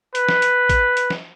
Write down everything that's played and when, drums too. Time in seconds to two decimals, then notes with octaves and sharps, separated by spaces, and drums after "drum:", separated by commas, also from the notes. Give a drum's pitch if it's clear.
0.15 B4, drum: hi-hat
0.29 drum: snare
0.42 drum: hi-hat
0.70 drum: kick A1, hi-hat
0.97 drum: hi-hat
1.10 drum: snare